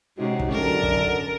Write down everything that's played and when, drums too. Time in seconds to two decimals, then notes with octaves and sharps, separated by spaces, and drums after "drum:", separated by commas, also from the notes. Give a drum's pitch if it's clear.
0.18 C3 G#3 C#4 D#4 F#4
0.39 drum: kick
0.51 F#2 D3 A4 A#4
0.83 drum: kick